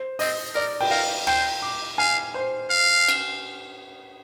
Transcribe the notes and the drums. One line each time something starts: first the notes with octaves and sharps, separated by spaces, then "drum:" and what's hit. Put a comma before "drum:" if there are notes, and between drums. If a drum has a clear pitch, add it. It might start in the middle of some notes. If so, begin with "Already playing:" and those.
Already playing: C5
C4 D#5, drum: open hi-hat
A#4 D5
G5, drum: cymbal
A#4 F5
C5 G5, drum: rim click
D6
F5 G#5
C5
F5
drum: cymbal